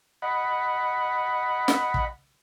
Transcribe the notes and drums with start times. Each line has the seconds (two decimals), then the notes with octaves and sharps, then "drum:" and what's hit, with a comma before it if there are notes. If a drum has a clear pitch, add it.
0.22 D#5 F#5 B5
1.68 drum: snare
1.94 drum: kick